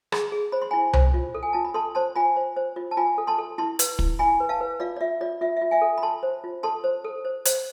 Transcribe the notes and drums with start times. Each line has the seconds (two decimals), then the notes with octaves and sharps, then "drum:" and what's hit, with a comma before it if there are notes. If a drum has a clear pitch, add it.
0.12 G#4, drum: rim click
0.32 G#4
0.52 C5 B5
0.62 C6
0.71 E4 G#5 B5
0.93 C5, drum: tom C2
1.14 F4
1.35 A4
1.43 G#5
1.53 F4 A5
1.65 B5
1.74 A4 A5 C6
1.95 C5 A5 C6
2.16 F4 G#5 B5
2.36 C5
2.57 C5
2.76 F4
2.91 A5
2.97 F4 G#5 B5
3.18 A4
3.27 A5 C6
3.38 A4
3.58 E4 A5 C6
3.79 B4, drum: hi-hat
3.99 E4, drum: kick
4.19 E4 G#5 B5
4.40 B4
4.49 F5 A5
4.61 B4
4.80 F4 D5 F5
4.96 D5
5.00 F4 E5
5.21 F4 D5
5.41 F4 E5
5.57 F4 E5
5.71 E5 G#5
5.82 A4
5.98 B5
6.03 A4 A5 C6
6.23 C5
6.44 F4
6.63 A4 A5 C6
6.84 C5
7.04 A4
7.25 C5
7.46 C5, drum: hi-hat